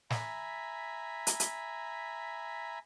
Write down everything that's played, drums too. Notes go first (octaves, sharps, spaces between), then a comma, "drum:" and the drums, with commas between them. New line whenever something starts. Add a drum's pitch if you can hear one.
E5 G#5 A#5 B5, drum: snare
drum: hi-hat
drum: hi-hat